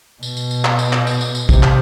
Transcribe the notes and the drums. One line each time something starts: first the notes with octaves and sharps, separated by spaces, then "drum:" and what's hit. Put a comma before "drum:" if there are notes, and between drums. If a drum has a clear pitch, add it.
B2, drum: tambourine
drum: tambourine
drum: tambourine
drum: clap
drum: tambourine
drum: clap
drum: tambourine
drum: tambourine
drum: tambourine
C3, drum: kick, tambourine
drum: clap